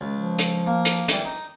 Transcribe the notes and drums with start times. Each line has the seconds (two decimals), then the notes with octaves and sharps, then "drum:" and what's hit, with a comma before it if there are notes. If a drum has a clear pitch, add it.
0.01 C#2
0.16 F3
0.39 drum: hi-hat
0.67 A#3
0.85 drum: hi-hat
1.08 E3 G3, drum: hi-hat
1.25 D#4